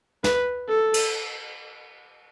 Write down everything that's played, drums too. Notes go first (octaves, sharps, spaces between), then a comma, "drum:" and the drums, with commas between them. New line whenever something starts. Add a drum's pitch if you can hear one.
B4, drum: snare
A4
drum: cymbal